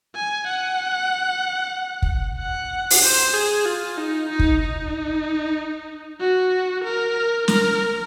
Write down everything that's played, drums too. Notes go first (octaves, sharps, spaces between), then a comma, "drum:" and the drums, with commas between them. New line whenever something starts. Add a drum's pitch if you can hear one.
G#5
F#5
drum: kick
F#5
drum: open hi-hat
C5
G#4
F4
D#4
D#4
drum: kick
D#4
F#4
A#4
A#4, drum: snare